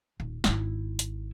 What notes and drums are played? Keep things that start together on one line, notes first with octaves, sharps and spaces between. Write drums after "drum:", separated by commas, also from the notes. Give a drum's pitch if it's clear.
D#1
G#1 E4, drum: snare
drum: hi-hat